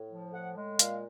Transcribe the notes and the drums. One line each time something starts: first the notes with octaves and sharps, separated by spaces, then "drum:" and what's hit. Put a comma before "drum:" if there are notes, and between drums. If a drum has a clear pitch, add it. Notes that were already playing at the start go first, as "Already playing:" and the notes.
Already playing: A2
F3
A2 F#5
G#3
A#2 F5, drum: hi-hat